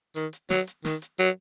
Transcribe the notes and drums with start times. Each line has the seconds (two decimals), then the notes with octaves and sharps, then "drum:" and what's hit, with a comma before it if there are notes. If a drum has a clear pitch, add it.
0.16 D#3, drum: hi-hat
0.33 drum: hi-hat
0.50 F#3, drum: snare
0.67 drum: hi-hat
0.85 D#3, drum: snare
1.02 drum: hi-hat
1.19 F#3